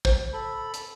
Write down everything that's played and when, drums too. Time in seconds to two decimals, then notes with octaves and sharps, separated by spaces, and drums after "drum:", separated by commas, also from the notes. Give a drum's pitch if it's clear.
0.05 C5, drum: kick
0.33 A4 B5
0.74 drum: hi-hat